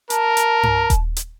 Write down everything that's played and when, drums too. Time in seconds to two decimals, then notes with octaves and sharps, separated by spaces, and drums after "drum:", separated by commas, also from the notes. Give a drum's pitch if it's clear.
0.10 A#4 A5, drum: hi-hat
0.37 drum: hi-hat
0.63 drum: tom G2
0.90 drum: kick D#1, hi-hat
1.17 drum: hi-hat